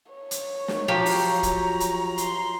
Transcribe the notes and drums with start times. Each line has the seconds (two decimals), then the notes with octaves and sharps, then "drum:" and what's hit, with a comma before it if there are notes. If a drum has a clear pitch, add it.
0.12 C#5
0.31 drum: hi-hat
0.68 drum: snare
0.88 F3 F#3 G4 A#5
1.06 drum: open hi-hat
1.43 drum: kick, hi-hat
1.80 drum: hi-hat
2.18 C6, drum: hi-hat